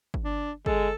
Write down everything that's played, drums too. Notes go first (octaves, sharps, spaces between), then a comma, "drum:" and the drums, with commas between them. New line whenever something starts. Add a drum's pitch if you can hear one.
drum: kick
D4
G#3 A4, drum: kick